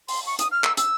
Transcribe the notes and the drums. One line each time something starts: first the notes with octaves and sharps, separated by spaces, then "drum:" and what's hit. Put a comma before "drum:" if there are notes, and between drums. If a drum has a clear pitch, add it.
C6, drum: open hi-hat
C#6
D#6, drum: hi-hat
F6
E6, drum: clap
E6, drum: hi-hat